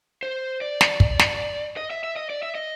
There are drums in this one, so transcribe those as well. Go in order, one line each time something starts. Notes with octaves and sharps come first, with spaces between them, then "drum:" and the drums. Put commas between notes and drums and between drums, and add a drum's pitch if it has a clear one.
C5
D5
drum: snare
drum: kick
drum: snare
D#5
E5
E5
D#5
D5
E5
D#5